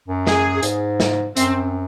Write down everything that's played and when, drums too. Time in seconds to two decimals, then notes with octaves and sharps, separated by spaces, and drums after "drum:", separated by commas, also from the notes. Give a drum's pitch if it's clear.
0.08 F#2
0.27 G#4, drum: snare
0.63 G#2, drum: hi-hat
1.00 drum: snare
1.37 F#2 C4, drum: hi-hat